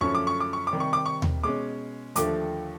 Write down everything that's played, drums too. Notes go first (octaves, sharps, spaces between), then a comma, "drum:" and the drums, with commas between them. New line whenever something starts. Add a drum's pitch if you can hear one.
F#2 D3 F3 A3 C#4 C#6
D6
C#6
D6
C#6
D6
C3 D#3 G3
C#6
D6
C#6
drum: tom D#2
B2 G#3 C#4 D6
D#2 D3 F3 A3 D4 D6, drum: hi-hat